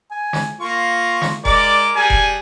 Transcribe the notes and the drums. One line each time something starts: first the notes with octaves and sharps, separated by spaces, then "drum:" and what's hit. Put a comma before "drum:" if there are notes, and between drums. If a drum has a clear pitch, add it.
G#5
drum: snare
A#3 F4 C#6
drum: snare
G#3 A#4 D5 D6, drum: kick F1
G3 D4 G#4 G#5
drum: kick F1